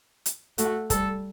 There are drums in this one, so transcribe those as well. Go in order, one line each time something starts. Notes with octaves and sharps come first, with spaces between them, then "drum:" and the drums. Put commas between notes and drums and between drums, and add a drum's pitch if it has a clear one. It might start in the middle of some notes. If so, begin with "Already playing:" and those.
drum: hi-hat
A3 F#4, drum: hi-hat
G3 A4, drum: kick, hi-hat